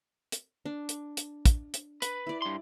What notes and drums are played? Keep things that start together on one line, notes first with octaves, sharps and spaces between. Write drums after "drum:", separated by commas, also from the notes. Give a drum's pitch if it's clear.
drum: hi-hat
D4
drum: hi-hat
drum: hi-hat
drum: kick, hi-hat
drum: hi-hat
B4, drum: hi-hat
E4 D5
G2 C6